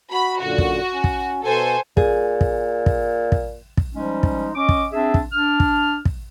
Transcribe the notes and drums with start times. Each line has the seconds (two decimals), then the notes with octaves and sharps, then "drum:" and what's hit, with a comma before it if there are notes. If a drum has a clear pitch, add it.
0.12 F#4 B5
0.41 F#2 A#2 D3 F#4
0.58 drum: kick
0.93 C#4
1.04 drum: kick
1.43 B2 A4 C5 G#5
1.97 A#2 G#4, drum: kick
2.41 drum: kick
2.86 drum: kick
3.32 drum: kick
3.77 drum: kick
3.94 F3 G3 G#3 C#4 D#4
4.23 drum: kick
4.55 C#4 D#5 D6
4.69 drum: kick
4.91 C4 D4 G#4 E5
5.14 drum: kick
5.32 D4 F6
5.60 drum: kick
6.05 drum: kick